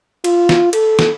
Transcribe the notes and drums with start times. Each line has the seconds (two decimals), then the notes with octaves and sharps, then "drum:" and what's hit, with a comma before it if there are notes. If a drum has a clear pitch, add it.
0.24 F4, drum: cymbal
0.49 drum: snare
0.73 A4, drum: cymbal
0.99 drum: snare